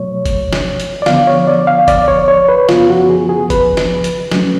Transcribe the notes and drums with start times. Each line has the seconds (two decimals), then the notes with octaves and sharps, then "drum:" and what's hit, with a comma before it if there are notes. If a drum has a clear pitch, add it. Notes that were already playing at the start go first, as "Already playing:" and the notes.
Already playing: B2 F#3 A3 C#5
0.26 drum: kick G1, hi-hat
0.53 drum: snare
0.80 drum: hi-hat
1.02 D5
1.06 D2 D3 F3 B3 F5, drum: snare
1.27 C#5
1.47 D5
1.67 F5
1.88 D5, drum: kick G1, hi-hat
2.08 C#5
2.28 C#5
2.49 B4
2.69 F#2 C#3 F3 B3 F4, drum: snare
2.90 F#4
3.09 G#4
3.29 G#4
3.50 B4, drum: kick G1, hi-hat
3.77 drum: snare
4.04 drum: hi-hat
4.32 C#3 F#3 A3 C#4, drum: snare